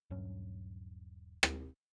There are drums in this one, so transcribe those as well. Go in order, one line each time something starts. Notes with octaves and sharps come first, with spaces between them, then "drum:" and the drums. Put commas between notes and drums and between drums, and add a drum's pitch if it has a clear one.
D#1 G2 F#3 C#4
drum: rim click